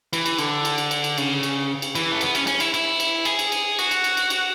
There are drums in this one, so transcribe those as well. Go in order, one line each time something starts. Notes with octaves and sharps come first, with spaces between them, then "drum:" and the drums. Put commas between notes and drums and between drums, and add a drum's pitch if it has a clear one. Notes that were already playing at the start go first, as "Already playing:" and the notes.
E3, drum: cymbal
drum: cymbal
D3, drum: cymbal
drum: cymbal
drum: cymbal
drum: cymbal
drum: cymbal
C#3, drum: cymbal
drum: cymbal
drum: cymbal
E3, drum: cymbal
A3
B3, drum: cymbal
C#4, drum: cymbal
C#4, drum: cymbal
E4, drum: cymbal
E4, drum: cymbal
drum: cymbal
G#4, drum: cymbal
drum: cymbal
drum: cymbal
F#4, drum: cymbal
drum: cymbal
drum: cymbal
drum: cymbal
drum: cymbal